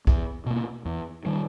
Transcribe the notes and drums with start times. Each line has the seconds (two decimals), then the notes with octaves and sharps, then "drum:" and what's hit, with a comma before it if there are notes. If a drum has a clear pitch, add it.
0.07 E2, drum: kick B1
0.46 B2 A#3
0.85 E2
1.25 D#3 G3